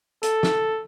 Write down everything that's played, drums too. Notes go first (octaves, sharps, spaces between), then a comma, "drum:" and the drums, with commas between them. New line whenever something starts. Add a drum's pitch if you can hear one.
A4, drum: hi-hat
drum: snare